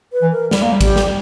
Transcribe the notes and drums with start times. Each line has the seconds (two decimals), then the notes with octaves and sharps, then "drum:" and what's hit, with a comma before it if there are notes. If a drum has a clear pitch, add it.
0.13 B4
0.22 E3
0.32 A#4
0.51 G3, drum: snare
0.62 A#3
0.73 G3
0.81 G4, drum: kick, cymbal
0.96 drum: snare